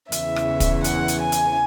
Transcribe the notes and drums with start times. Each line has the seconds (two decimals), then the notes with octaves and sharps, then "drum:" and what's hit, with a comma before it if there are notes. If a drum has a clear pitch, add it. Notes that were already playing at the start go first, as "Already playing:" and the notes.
0.12 E2 C#3 E3 E5, drum: hi-hat
0.36 drum: rim click
0.60 drum: kick, hi-hat
0.84 F#5, drum: hi-hat
1.08 drum: hi-hat
1.20 G#5
1.32 drum: hi-hat